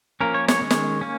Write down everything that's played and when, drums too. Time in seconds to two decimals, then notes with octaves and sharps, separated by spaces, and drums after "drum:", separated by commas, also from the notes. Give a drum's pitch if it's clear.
0.21 F3 A#3 C#4 A#4
0.34 C#5
0.48 C#5, drum: snare
0.61 D#3 G#3 C#4
0.71 drum: snare
1.01 A#3 C#4